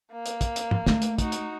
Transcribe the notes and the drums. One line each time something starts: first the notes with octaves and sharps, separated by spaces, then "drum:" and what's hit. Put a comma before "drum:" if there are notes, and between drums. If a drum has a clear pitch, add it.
A#3
drum: hi-hat
drum: kick, hi-hat
drum: hi-hat
drum: tom
A3, drum: snare
drum: hi-hat
D#4 F#4, drum: kick, hi-hat
drum: hi-hat